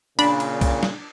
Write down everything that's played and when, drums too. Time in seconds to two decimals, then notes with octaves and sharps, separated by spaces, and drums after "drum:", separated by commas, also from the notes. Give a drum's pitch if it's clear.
0.19 A#2 C#3 D4 B5, drum: cymbal
0.40 drum: cymbal
0.61 drum: kick, cymbal
0.83 drum: snare